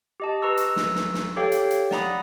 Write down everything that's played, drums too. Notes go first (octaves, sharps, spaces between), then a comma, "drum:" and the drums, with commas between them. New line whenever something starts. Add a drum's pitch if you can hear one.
G4 D#5 A5
B4 A#5 C#6 E6
drum: hi-hat
drum: snare
drum: snare
drum: snare
G4 A4 C#5 F5 G5
drum: hi-hat
drum: hi-hat
D5 F#5 A#5 B5 D#6, drum: snare